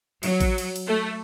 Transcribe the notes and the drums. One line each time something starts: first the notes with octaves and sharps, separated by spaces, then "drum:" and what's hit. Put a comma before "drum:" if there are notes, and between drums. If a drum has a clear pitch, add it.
F#3, drum: cymbal
drum: kick A1, cymbal
drum: cymbal
drum: cymbal
A3